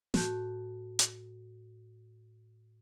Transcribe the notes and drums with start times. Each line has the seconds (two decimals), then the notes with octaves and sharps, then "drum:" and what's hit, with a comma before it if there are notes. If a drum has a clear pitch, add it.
0.14 A2 F#4 A5 G6, drum: snare
0.99 drum: hi-hat